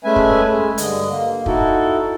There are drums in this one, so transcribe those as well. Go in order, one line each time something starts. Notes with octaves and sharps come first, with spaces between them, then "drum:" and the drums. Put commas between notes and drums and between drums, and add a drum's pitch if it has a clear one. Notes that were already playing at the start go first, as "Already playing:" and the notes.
G#3 A3 C#4 B4 E5 G#5
drum: kick
G#3
G2 D3 D#5, drum: hi-hat
A#3
D#4 E4 F#4 A4, drum: kick